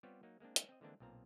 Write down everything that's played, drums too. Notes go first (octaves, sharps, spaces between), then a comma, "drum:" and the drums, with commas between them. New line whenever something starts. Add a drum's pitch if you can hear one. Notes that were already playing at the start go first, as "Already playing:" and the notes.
G3 B3 C4 F4 G4 C#5
F#3 A#3 D#4
G#3 A#3 C4 D4
drum: hi-hat
C4 D#5
D3 E3 G#3 A#3 C4 D4
B1 A#2 C4 F5 A#5